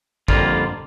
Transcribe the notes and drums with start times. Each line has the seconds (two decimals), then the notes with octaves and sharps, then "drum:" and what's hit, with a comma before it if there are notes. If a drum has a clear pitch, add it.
0.28 F2 D3 G3 A#3 F4, drum: kick